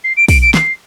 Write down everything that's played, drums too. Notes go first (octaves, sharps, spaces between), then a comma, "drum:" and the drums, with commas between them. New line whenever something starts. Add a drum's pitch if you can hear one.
C7
D7
D7, drum: kick, open hi-hat
D7
C7, drum: snare